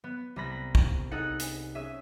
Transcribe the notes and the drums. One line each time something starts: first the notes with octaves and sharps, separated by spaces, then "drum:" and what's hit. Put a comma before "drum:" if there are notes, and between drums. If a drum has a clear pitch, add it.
B3
C2 A#5 B5 A#6
drum: kick
D#4 G#4 A4 F#5
drum: hi-hat
C#4 G#4 E5